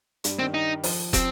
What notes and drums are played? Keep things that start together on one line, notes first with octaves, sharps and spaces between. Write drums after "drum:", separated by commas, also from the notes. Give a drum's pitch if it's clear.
G2 G3, drum: hi-hat
D#3 C4
D#4
F3, drum: open hi-hat
F3 C4, drum: kick, hi-hat